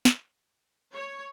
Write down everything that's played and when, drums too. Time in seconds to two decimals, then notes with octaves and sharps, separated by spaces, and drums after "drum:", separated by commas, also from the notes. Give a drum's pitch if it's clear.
0.05 drum: snare
0.94 C#5